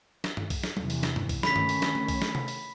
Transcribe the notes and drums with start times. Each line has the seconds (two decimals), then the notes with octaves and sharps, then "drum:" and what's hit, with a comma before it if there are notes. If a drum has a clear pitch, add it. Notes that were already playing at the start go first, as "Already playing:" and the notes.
0.24 drum: snare
0.37 drum: tom
0.50 drum: kick B1, open hi-hat
0.63 drum: snare
0.77 E2 C3 E3, drum: tom F#3
0.90 drum: open hi-hat
1.03 drum: snare
1.16 drum: tom
1.29 drum: kick B1, open hi-hat
1.43 D#3 A3 C#4 B5 B6, drum: snare
1.56 drum: tom
1.69 drum: open hi-hat
1.82 drum: snare
1.95 drum: tom D3
2.08 drum: kick B1, open hi-hat
2.22 drum: snare
2.35 drum: tom C3
2.48 drum: open hi-hat